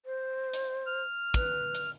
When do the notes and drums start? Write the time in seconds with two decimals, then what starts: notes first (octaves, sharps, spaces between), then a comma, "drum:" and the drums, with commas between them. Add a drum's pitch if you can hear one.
0.06 C5
0.54 drum: hi-hat
0.86 F6
1.34 B4, drum: kick, hi-hat
1.74 drum: hi-hat